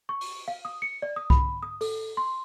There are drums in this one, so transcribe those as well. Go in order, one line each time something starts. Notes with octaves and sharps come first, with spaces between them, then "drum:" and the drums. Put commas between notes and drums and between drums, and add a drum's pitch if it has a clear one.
C#6
drum: open hi-hat
F5
D#6
C#7
D5
D#6
B5, drum: kick C2
D#6
A4, drum: open hi-hat
C6